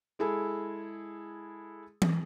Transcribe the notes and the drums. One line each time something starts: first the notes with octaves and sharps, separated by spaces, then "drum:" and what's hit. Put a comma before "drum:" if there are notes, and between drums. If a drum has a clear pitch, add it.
G#3 E4 G#4 A4
drum: tom E3